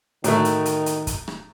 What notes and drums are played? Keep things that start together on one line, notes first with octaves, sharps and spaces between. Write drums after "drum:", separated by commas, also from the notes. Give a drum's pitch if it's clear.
A2 D#3 F#3 A3, drum: hi-hat
drum: hi-hat
drum: hi-hat
drum: hi-hat
drum: kick, hi-hat
drum: rim click